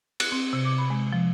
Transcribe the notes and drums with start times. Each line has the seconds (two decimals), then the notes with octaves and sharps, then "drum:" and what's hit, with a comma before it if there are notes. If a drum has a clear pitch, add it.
0.20 F#6, drum: cymbal
0.32 C4
0.53 C3
0.65 D6
0.78 B5
0.90 G#3
1.13 F3